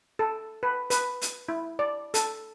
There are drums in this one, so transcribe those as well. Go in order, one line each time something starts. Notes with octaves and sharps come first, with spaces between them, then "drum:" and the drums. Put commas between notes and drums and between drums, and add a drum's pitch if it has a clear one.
A4
B4
B4, drum: hi-hat
drum: hi-hat
E4
D5
A4, drum: hi-hat